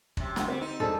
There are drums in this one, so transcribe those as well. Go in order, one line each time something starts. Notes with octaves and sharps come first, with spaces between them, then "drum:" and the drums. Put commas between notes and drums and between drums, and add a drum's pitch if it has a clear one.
F#2 C3, drum: kick
D2 F#5, drum: snare
G3 C4
D#4
E1 G3 G#4 A4